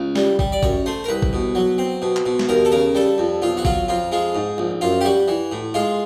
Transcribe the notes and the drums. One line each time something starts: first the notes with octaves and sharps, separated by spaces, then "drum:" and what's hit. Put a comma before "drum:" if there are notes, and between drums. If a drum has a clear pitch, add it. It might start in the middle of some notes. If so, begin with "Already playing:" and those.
Already playing: C#2
G3, drum: snare
G3, drum: kick G1
D5
F#2 C#5, drum: kick G1
A3 C5
A#4
C2 B4
drum: kick G1
B2
F#3
C4
B2
drum: clap
B2
drum: snare
D#2 A#4
A4
C#3 A#4
G3 A4
F2
B1 F4
F#4
F#3 F4, drum: kick G1
F2 F4
G#3 F4
G#2
A#1
F#2 F4
G4
G3 F#4
E3
A2
G#3 F4